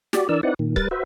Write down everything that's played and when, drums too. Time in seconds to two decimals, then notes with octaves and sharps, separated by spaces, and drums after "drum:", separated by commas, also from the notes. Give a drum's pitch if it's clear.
0.13 F#4 G4 D5, drum: snare
0.29 E3 D4 A#4 D5 E6
0.43 C4 D#4 E4 B4 D5 F#5
0.59 A#2 D#3
0.76 G3 A#4 B4 A6, drum: kick C#1
0.91 F#4 B4 C5 E5